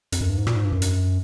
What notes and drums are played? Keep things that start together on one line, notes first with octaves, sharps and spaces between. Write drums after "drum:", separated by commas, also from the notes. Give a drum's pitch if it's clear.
F2, drum: hi-hat
F#2
G2
G#2
A#2, drum: rim click
G#2
G2
F#2
drum: hi-hat